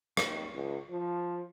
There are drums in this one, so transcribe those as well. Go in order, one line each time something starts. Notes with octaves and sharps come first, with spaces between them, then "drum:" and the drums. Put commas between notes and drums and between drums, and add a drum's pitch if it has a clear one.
D#2, drum: rim click
C#2
F3